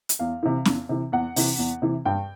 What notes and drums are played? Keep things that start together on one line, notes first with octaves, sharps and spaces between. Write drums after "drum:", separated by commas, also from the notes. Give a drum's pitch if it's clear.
drum: hi-hat
E2 F5
C3 E3
E2, drum: snare
C3 E3
E2 F#5
C3 E3, drum: open hi-hat
E2
C3 E3
G2 G5